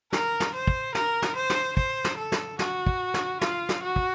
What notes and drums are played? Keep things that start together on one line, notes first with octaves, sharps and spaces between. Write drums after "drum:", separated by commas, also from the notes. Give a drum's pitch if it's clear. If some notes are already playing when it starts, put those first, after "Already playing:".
A#4, drum: snare
drum: snare
C5
drum: kick
A#4, drum: snare
drum: snare
C5
drum: snare
C5, drum: kick
drum: snare
A4
drum: snare
F#4, drum: snare
drum: kick
drum: snare
F4, drum: snare
drum: snare
F#4
drum: kick